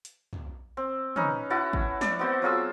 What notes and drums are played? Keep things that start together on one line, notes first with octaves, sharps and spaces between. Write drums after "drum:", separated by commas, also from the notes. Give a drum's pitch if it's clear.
drum: hi-hat
drum: tom
C4
C#4 D#4 B4, drum: tom
E4 F#4 F#5 A5
drum: kick G#1
D5, drum: snare
B3 C4 F#4 C5
F#3 F4 G#4 E6